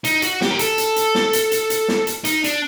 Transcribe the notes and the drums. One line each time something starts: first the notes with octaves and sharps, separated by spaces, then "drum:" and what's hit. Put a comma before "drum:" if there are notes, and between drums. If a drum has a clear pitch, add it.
D#4, drum: hi-hat
F#4, drum: hi-hat
G4, drum: snare
A#4
A4, drum: hi-hat
drum: hi-hat
drum: hi-hat
drum: snare
drum: hi-hat
drum: hi-hat
drum: hi-hat
drum: snare
drum: hi-hat
D#4, drum: hi-hat
D4, drum: hi-hat